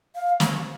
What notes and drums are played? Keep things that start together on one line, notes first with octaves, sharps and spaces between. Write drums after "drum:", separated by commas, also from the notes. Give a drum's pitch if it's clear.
F5
drum: snare